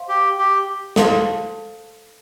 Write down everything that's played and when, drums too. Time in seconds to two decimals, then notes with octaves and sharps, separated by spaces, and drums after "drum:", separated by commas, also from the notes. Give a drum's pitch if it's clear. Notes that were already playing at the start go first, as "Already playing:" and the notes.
Already playing: C5 F5 C6
0.09 G4
0.38 G4
0.96 A4 C5 F5 A5 C6, drum: snare